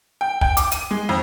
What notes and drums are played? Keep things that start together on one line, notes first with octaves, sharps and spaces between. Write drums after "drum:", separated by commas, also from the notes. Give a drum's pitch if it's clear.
G5
G5, drum: kick
D6, drum: hi-hat
D#7, drum: hi-hat
G#3
F2